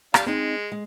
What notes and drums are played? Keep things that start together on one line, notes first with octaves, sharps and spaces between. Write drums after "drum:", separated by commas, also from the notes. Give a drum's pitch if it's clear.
G3 D4 F5, drum: rim click
G#3 C4 D#4
G#3